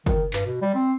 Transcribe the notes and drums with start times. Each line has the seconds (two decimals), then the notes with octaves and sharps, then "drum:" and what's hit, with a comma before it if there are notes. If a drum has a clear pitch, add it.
0.06 D#3, drum: kick
0.33 G2, drum: clap
0.46 B2
0.62 G3
0.75 C4